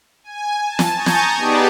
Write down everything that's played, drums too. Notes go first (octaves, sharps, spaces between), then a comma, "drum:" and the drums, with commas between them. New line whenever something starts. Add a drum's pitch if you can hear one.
G#5
A5
drum: snare
G#5 A#5 C#6 D#6 G6 A6
drum: snare
B3 D#4 G4 G#4 D5 A5